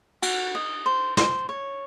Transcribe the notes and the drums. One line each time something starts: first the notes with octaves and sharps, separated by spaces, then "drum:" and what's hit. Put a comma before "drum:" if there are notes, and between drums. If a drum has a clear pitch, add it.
F#4, drum: cymbal
D#5
C5
C5, drum: snare
C#5